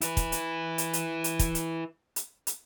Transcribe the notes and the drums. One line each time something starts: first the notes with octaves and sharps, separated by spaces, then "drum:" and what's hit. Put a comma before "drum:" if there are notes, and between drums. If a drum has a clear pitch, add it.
E4 B4, drum: hi-hat
drum: kick, hi-hat
drum: hi-hat
drum: hi-hat
drum: hi-hat
drum: hi-hat
drum: kick, hi-hat
drum: hi-hat
drum: hi-hat
drum: hi-hat